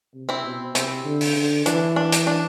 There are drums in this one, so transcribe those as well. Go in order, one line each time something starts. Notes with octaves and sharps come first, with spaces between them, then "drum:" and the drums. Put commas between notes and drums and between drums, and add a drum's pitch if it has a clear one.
C3
C4 E4
B2
C3 C4 E4, drum: hi-hat
D3
drum: open hi-hat
D3
E3 D4, drum: hi-hat
D4
drum: hi-hat
D4